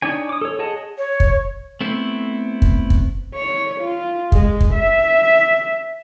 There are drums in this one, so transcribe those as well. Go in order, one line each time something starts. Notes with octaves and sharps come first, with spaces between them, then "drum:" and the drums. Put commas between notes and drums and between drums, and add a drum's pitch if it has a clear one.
D4 D#4 C#5 G#5
D6 D#6
A4 C#5
G#4 C#5 D#5 F#5 A5
C#5
drum: kick
A3 B3 C4 E4
drum: kick
drum: kick
C#5
F4
G#3, drum: kick
drum: kick
E5